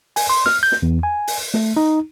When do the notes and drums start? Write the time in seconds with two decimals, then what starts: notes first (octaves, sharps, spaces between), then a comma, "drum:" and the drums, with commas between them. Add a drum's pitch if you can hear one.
0.16 G#5, drum: open hi-hat
0.29 C6
0.46 F6, drum: snare
0.63 G6
0.72 drum: snare
0.82 E2
1.03 G#5
1.27 drum: open hi-hat
1.54 A3, drum: snare
1.76 D#4